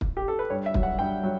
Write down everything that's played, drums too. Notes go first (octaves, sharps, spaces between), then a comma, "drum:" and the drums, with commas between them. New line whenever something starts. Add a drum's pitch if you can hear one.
drum: kick
G4
A4
B4
G2 C#5
E5
F#3, drum: kick
F#5
G2 G5
F#3